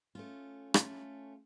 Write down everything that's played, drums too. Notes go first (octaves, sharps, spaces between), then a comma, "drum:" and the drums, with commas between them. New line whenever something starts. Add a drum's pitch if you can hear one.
A3 C#4 F4
A3 C#4 F4, drum: rim click